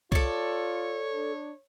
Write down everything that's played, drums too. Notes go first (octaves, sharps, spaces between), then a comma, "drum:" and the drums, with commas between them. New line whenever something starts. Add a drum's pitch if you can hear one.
F4 A4 C#5 D5, drum: kick C2
D4